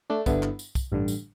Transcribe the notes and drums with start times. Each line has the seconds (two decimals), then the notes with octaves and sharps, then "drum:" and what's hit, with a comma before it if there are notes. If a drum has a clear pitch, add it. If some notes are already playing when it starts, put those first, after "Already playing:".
0.10 A3 D4
0.26 G1 G2 D3 B3 E4, drum: kick, tambourine
0.43 drum: clap
0.59 drum: tambourine
0.75 drum: kick, tambourine
0.92 A1 G2 D3
1.08 drum: tambourine